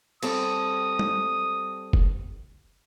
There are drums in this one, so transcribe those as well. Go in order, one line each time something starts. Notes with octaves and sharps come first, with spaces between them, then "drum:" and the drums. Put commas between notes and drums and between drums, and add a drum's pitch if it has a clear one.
G3 C4 A4 D#6, drum: cymbal
drum: tom G3
drum: kick F1